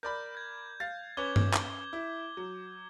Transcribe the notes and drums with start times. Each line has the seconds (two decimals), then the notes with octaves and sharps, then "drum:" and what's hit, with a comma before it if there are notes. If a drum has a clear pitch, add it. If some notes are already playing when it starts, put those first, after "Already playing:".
0.03 A#4 D5 B5 G6
0.35 G6 G#6
0.80 F5 A6
1.17 C#4 B4 C#5 D6 G#6 G7
1.36 drum: tom G2
1.54 drum: clap
1.93 E4
2.37 F#3